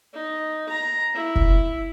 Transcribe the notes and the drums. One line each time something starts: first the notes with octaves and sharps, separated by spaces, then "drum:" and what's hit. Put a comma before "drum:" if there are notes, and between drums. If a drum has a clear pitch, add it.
D#4
A#5
E4
drum: kick F1